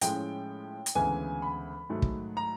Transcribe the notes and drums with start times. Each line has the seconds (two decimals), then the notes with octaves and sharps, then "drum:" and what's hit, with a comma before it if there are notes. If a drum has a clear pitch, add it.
0.01 A2 F3 G#3 C#4 G5, drum: hi-hat
0.86 drum: hi-hat
0.95 D2 C#3 E3 G#3 B3 G#5
1.42 B5
1.89 G#2 D#3 F#3 A3
2.02 drum: kick
2.37 A#5